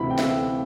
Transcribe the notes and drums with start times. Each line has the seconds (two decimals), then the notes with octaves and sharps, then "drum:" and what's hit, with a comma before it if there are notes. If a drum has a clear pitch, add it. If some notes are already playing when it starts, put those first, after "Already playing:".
Already playing: D2 C3 E3 B5
0.10 G5
0.19 E5, drum: snare